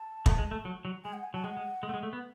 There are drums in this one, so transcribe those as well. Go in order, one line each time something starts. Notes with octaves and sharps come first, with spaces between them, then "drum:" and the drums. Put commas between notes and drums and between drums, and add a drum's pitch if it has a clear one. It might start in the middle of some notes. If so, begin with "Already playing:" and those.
Already playing: A5
A3, drum: kick
G#3
A3
F#3
F#3
G#3 G#5
F#5
G#5
F#3 A5
G#3 F#5
G#3
G#3
A3
G#3
A3
B3